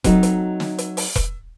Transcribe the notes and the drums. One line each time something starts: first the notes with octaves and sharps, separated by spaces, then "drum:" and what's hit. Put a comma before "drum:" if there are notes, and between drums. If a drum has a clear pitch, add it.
F#3 A3 C4 D#4 F#4, drum: kick E1, hi-hat
drum: hi-hat
drum: snare
drum: hi-hat
drum: open hi-hat
drum: kick E1, hi-hat